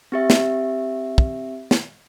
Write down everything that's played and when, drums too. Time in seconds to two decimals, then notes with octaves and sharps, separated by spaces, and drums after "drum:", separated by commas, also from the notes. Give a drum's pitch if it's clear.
0.12 C4 G4 E5
0.30 drum: snare
1.18 drum: kick
1.71 drum: snare